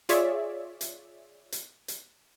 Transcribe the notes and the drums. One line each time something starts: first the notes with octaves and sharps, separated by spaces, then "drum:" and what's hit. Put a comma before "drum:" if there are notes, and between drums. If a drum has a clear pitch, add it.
F4 G#4 C#5 D5 E5, drum: hi-hat
drum: hi-hat
drum: hi-hat
drum: hi-hat